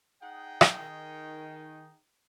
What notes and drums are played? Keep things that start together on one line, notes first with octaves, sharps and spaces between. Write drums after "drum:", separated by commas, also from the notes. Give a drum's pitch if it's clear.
D#4 G#4 F#5 G5
drum: rim click
D#3